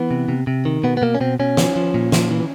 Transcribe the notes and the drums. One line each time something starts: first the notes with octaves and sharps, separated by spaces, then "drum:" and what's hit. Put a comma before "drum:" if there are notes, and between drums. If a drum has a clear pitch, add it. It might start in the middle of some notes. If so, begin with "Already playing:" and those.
Already playing: E3 B3
C3
C3
C3
D#3
B2 B3
B3
B2 A#3
C#4
B2 C4
B2 C#4
F3, drum: snare
F3
A#2
F3, drum: snare
E3